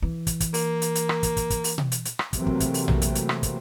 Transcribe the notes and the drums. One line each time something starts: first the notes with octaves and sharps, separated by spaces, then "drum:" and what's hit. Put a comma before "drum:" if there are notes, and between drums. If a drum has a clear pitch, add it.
E3
drum: kick, hi-hat
drum: kick, hi-hat
A#3, drum: open hi-hat
drum: hi-hat
drum: hi-hat
drum: rim click
drum: kick, hi-hat
drum: kick, hi-hat
drum: kick, hi-hat
drum: open hi-hat
drum: tom B2
drum: hi-hat
drum: hi-hat
drum: rim click
C3 E3 F#3 A3 A#3 C4, drum: kick, hi-hat
drum: kick
drum: kick, hi-hat
drum: open hi-hat
drum: tom A#1
drum: hi-hat
drum: hi-hat
drum: rim click
drum: kick, hi-hat